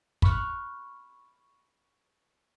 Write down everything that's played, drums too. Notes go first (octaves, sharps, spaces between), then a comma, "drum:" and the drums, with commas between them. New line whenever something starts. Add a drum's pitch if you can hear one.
B5 C#6 F6 F#6, drum: kick